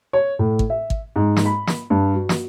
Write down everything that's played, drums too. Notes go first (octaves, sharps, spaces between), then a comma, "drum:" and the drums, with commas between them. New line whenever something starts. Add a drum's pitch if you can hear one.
C#5
A2
drum: kick
E5
drum: kick
G#2
drum: snare
B5
drum: snare
G2
F#4
drum: snare